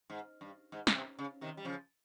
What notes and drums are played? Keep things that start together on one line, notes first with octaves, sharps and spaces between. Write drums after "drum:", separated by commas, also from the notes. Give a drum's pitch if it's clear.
G#2
G2
G#2
C#3, drum: snare
C3
C#3
C3 D#3
G3
C#3 F3